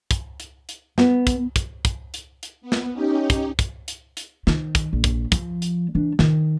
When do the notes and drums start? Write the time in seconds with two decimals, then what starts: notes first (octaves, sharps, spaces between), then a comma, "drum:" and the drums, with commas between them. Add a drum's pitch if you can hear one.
0.11 drum: kick, hi-hat
0.40 drum: hi-hat
0.69 drum: hi-hat
0.98 B3, drum: snare
1.27 drum: kick, hi-hat
1.56 drum: kick, hi-hat
1.85 drum: kick, hi-hat
2.14 drum: hi-hat
2.43 drum: hi-hat
2.62 B3
2.72 drum: snare
2.92 C#4 D#4 G4
3.30 drum: kick, hi-hat
3.59 drum: kick, hi-hat
3.88 drum: hi-hat
4.17 drum: hi-hat
4.47 D#3, drum: snare
4.75 drum: kick, hi-hat
4.93 A#1
5.04 drum: kick, hi-hat
5.32 F3, drum: kick, hi-hat
5.62 drum: hi-hat
5.95 E3 D4
6.19 D#3, drum: snare